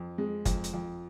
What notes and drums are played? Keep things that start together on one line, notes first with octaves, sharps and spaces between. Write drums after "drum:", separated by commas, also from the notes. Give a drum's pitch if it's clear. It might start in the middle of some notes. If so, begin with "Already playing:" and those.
Already playing: F2
G#3
F2, drum: kick, hi-hat
drum: hi-hat
F2